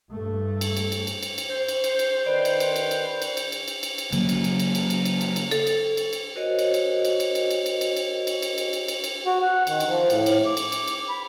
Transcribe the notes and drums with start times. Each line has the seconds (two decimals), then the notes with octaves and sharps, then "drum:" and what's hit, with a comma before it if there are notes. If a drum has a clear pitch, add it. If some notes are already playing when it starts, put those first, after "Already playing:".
0.11 G2 A3
0.61 drum: cymbal
0.77 drum: cymbal
0.92 drum: cymbal
1.07 drum: cymbal
1.23 drum: cymbal
1.38 drum: cymbal
1.49 C5
1.68 drum: cymbal
1.84 drum: cymbal
1.99 drum: cymbal
2.26 D#3 B4 D5
2.45 drum: cymbal
2.60 drum: cymbal
2.76 drum: cymbal
2.91 drum: cymbal
3.22 drum: cymbal
3.37 drum: cymbal
3.52 drum: cymbal
3.68 drum: cymbal
3.83 drum: cymbal
3.98 drum: cymbal
4.12 C#3 F#3 A#3, drum: cymbal
4.29 drum: cymbal
4.44 drum: cymbal
4.60 drum: cymbal
4.75 drum: cymbal
4.90 drum: cymbal
5.05 drum: cymbal
5.21 drum: cymbal
5.36 drum: cymbal
5.51 A4, drum: cymbal
5.67 drum: cymbal
5.97 drum: cymbal
6.13 drum: cymbal
6.36 F#4 A#4 C5 C#5 D#5
6.59 drum: cymbal
6.74 drum: cymbal
7.05 drum: cymbal
7.20 drum: cymbal
7.35 drum: cymbal
7.51 drum: cymbal
7.66 drum: cymbal
7.81 drum: cymbal
7.96 drum: cymbal
8.27 drum: cymbal
8.42 drum: cymbal
8.58 drum: cymbal
8.73 drum: cymbal
8.88 drum: cymbal
9.04 drum: cymbal
9.26 F#4
9.42 F#5
9.67 D#3, drum: cymbal
9.80 drum: cymbal
9.89 F3
10.10 A2, drum: cymbal
10.26 drum: cymbal
10.46 D6
10.57 drum: cymbal
10.72 drum: cymbal
10.88 drum: cymbal
11.09 B5